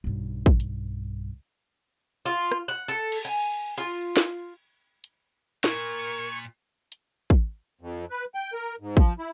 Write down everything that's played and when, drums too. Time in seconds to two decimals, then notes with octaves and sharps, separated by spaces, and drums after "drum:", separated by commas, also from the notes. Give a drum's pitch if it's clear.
0.04 B1 G2
0.46 drum: kick
0.60 drum: hi-hat
2.25 F4
2.52 drum: rim click
2.68 F#5
2.88 A4
3.12 drum: cymbal
3.25 G#5
3.78 F4
4.17 drum: snare
5.04 drum: hi-hat
5.64 A#2 A#4 C#6 G#6 C#7, drum: snare
6.92 drum: hi-hat
7.30 drum: kick
7.81 F2
8.10 B4
8.35 G5
8.53 A#4
8.81 G#2
8.97 F3, drum: kick
9.19 E4